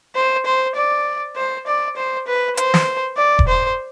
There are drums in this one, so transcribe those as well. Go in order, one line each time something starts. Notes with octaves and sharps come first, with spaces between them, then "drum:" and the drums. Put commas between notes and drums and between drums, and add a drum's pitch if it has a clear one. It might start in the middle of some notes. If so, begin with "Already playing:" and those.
C5
C5
D5
C5
D5
C5
B4
C5, drum: hi-hat
drum: snare
D5
drum: kick E1
C5